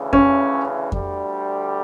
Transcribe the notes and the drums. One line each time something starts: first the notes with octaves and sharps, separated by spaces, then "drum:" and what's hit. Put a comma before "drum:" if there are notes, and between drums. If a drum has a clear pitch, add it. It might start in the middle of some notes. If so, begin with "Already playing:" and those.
Already playing: D2 C#3 E3
C#4, drum: kick F2
D2 D3 G3, drum: kick F2